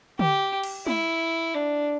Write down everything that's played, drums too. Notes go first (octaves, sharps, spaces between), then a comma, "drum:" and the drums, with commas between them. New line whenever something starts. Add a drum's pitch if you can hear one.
G4, drum: tom D3
drum: cymbal
E4, drum: tom G#3
D4